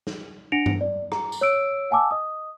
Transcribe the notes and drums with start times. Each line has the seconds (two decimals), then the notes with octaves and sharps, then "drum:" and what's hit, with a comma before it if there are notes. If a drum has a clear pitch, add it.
0.07 drum: snare
0.52 D4 F#5 A#6 C#7 D7 F7
0.66 drum: tom G2
0.81 D5
1.12 A#5, drum: rim click
1.32 drum: tambourine
1.41 C#5 E6 D7
1.90 E5 F#5 G#5 A5 D6 E6
2.11 D#5 D#6